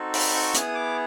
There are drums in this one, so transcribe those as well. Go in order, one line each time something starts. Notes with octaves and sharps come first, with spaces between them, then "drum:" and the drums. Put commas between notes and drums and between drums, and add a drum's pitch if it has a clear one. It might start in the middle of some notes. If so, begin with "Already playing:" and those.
Already playing: C4 D#4 F#4 A4
B5, drum: open hi-hat
C#6
B3 E4 G#4 D#6, drum: hi-hat
D6